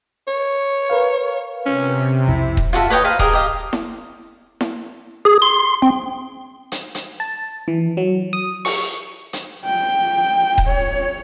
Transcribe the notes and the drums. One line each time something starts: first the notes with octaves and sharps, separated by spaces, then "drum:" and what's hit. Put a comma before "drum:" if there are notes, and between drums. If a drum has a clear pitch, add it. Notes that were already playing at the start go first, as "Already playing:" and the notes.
C#5
A#4 B4 F5
C3 C#4
B1 F2 E4
drum: kick D#1
F4 F#4 A4 E5
B4 C#5 D#5 G5
B4 C5 F5 A#5
G4 G#4 A#4 D#5, drum: kick D#1
G4 D#5 F5
drum: snare E4
drum: snare E4
G#4
C6
C4
drum: hi-hat
drum: hi-hat
A5
E3
F#3
D#6
C#6, drum: open hi-hat
drum: hi-hat
G5
drum: kick D#1
C#5